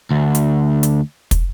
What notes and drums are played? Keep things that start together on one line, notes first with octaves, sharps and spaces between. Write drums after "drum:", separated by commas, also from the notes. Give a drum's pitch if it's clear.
D2
drum: hi-hat
drum: hi-hat
drum: kick, hi-hat